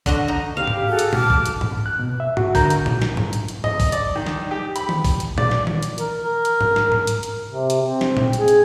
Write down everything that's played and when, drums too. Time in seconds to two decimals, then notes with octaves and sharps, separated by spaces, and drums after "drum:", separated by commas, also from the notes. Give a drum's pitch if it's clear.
0.06 D3 F#4 D#5, drum: kick, open hi-hat
0.28 D#4
0.57 G4 F5
0.67 drum: tom G#2
0.88 F#4 G#4 A4
0.99 drum: hi-hat
1.13 A5 D6 F6, drum: tom A#2
1.30 drum: kick
1.46 drum: hi-hat
1.61 drum: tom G#2
1.86 F#6
2.00 B2
2.20 E5
2.37 F#4, drum: tom G#2
2.55 D3 A#4 A#5 G6, drum: kick, open hi-hat
2.70 drum: hi-hat
2.86 drum: tom A#2
3.02 drum: snare
3.17 drum: tom G#2
3.33 drum: hi-hat
3.48 drum: hi-hat
3.64 D#5, drum: tom G#2
3.80 drum: kick, open hi-hat
3.92 D5, drum: hi-hat
4.16 D#3
4.26 drum: snare
4.51 G4
4.76 B5, drum: hi-hat
4.89 drum: tom D#3
5.04 drum: kick, open hi-hat
5.20 drum: hi-hat
5.38 D5, drum: tom A#2
5.51 drum: snare
5.67 drum: tom D#3
5.83 drum: hi-hat
5.98 A#4, drum: hi-hat
6.21 A#4
6.45 drum: hi-hat
6.61 drum: tom G#2
6.76 drum: snare
6.92 drum: tom G#2
7.07 drum: hi-hat
7.23 drum: hi-hat
7.47 C3
7.70 drum: hi-hat
7.81 C4
8.01 drum: snare
8.17 drum: tom A#2
8.33 G#4, drum: hi-hat
8.48 drum: hi-hat